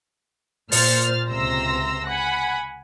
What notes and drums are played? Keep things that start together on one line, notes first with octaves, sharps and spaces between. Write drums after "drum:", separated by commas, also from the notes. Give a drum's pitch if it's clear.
A#2 C5 F6 A6, drum: open hi-hat
C#2 C3 A#5 C6 E6 A#6
F#5 G#5 B5